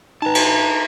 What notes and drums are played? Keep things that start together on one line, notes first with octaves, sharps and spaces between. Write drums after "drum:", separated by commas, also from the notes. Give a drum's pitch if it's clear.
D#4 B4 A5 A#5
drum: cymbal